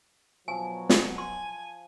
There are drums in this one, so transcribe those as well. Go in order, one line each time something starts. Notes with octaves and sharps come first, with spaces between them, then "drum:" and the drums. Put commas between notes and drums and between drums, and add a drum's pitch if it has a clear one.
B2 F3 F#3 G#5
drum: snare
G#5 C6